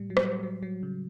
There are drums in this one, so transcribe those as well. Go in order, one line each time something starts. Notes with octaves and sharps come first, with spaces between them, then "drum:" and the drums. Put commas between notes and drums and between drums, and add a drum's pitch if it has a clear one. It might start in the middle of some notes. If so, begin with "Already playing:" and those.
Already playing: A2 G3
F#3
G3, drum: rim click
F#3
F#3
C#3